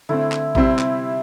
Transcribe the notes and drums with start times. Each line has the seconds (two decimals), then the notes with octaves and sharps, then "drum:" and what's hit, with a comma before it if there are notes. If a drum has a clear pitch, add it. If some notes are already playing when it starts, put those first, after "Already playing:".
0.09 D3 A3 C4 E4
0.32 drum: clap
0.55 C3 G3 C4 E4, drum: kick A1
0.79 drum: clap